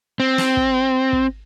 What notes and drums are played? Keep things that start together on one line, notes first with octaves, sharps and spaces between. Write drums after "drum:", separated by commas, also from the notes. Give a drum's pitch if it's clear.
C4
drum: snare
drum: kick
drum: kick